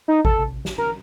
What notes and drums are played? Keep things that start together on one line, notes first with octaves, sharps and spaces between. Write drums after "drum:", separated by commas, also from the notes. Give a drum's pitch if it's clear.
D#4
A4, drum: kick G#1
drum: tom C3
drum: snare
A#4, drum: tom